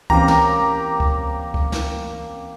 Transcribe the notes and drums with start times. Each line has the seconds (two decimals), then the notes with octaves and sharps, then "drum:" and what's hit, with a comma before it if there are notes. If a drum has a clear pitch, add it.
0.10 E3 A#3 C4 C#4 G4 A#5, drum: kick C#2
0.28 drum: snare
1.00 drum: kick C#2
1.54 drum: kick C#2
1.72 drum: snare